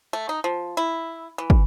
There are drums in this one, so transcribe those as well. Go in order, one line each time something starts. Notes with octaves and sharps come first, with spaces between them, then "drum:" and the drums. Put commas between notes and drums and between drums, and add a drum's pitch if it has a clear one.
A3
D#4
F3
E4
E3
drum: kick